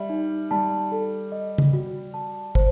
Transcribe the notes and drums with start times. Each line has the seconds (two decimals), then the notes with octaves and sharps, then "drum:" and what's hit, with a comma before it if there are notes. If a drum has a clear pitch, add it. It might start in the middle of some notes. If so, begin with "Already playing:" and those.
Already playing: G3 E5
0.10 D#4
0.51 G3 A5
0.92 A4
1.32 D#5
1.58 drum: tom C#3
1.73 F#4
2.14 A5
2.55 C5, drum: kick